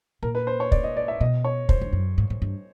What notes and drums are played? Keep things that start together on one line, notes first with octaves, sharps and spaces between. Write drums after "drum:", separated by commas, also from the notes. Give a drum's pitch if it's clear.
A#2 A#4
B4
C5
C#5
D5, drum: kick
D#5
D5
E5
B2 D#5
C#5
F2 C5, drum: kick
G2
F#2
G#2
G#2
G2